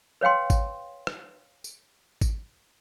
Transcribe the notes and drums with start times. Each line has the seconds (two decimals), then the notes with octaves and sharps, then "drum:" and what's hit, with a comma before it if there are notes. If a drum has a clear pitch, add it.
0.21 B4 C#5 F5 G5 C6
0.50 drum: kick G#1, tambourine
1.07 drum: rim click
1.64 drum: tambourine
2.21 drum: kick G#1, tambourine